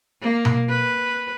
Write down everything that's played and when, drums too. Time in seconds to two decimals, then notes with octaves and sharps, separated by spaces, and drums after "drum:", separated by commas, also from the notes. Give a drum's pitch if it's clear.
0.22 A#3
0.45 drum: tom B2
0.69 B4